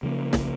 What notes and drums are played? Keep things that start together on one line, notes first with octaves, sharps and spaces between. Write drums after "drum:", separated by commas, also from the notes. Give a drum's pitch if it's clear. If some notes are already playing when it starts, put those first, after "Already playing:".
C#3 F3 A#3
drum: snare